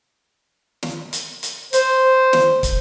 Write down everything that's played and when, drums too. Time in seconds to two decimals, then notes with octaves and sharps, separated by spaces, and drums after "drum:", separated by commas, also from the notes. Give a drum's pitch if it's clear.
0.83 drum: snare
1.13 drum: hi-hat
1.43 drum: hi-hat
1.73 C5, drum: hi-hat
2.33 drum: snare
2.63 drum: kick, hi-hat